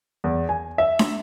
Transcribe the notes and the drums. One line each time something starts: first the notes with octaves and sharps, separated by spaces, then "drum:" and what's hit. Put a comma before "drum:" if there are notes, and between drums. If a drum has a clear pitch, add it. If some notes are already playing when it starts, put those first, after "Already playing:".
E2
G#5
E5
drum: snare D4